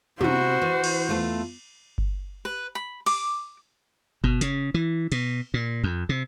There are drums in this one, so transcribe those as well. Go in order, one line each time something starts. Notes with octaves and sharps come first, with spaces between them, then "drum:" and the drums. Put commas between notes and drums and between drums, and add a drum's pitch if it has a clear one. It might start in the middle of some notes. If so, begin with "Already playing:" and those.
C3 E4 F#4 C5, drum: tom
E3
drum: cymbal
E2 A3 F4
drum: kick G1
B4
B5
D6, drum: open hi-hat
B2, drum: kick G1
C#3, drum: hi-hat
E3
B2, drum: cymbal
A#2
F2
C3